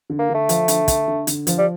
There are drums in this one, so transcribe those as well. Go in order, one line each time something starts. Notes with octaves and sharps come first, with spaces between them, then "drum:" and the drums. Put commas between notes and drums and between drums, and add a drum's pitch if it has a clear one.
D3
A#3
D3 A3
F3, drum: hi-hat
D3, drum: hi-hat
D3, drum: kick, hi-hat
D3
D3, drum: hi-hat
F3, drum: hi-hat
G3